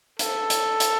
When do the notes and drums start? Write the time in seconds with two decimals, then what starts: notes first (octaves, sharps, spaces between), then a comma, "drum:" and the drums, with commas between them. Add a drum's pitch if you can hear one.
0.19 A4, drum: hi-hat
0.50 drum: hi-hat
0.80 drum: hi-hat